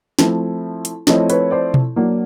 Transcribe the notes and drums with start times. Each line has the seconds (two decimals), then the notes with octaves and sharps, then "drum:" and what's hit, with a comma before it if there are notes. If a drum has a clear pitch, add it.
0.19 F3 A3 C4 E4, drum: snare
0.85 drum: hi-hat
1.07 F3 A3 C4 E4 C#5 D#5, drum: snare
1.30 B4 C#5, drum: hi-hat
1.51 C5 D5
1.74 drum: tom B2
1.96 F#3 A#3 D4